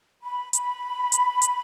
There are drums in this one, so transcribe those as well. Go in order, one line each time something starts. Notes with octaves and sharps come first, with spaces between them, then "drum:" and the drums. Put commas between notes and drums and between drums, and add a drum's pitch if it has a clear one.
B5
B5, drum: hi-hat
drum: hi-hat
drum: hi-hat